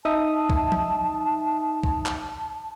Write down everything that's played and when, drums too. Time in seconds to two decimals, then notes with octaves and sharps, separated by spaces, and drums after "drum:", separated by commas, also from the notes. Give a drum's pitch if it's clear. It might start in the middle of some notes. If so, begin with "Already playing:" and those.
0.05 D#4 E5 A5 D#6
0.50 drum: kick B1
0.72 drum: tom F3
1.83 drum: kick B1
2.06 drum: clap